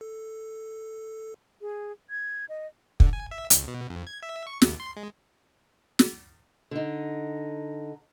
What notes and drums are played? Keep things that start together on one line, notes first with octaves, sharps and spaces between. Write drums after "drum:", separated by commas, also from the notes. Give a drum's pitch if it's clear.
A4
G#4
G#6
D#5
D3, drum: kick
G#5
E5
C#2, drum: hi-hat
B2
F2
G#6
E5
C#6
D#2, drum: snare
C6
G#3
drum: snare
D3 D#4